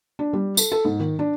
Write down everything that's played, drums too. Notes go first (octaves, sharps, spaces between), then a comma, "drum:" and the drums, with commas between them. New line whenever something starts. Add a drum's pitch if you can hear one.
D4
G3
A4, drum: tambourine
A4
G#2
D#3
D4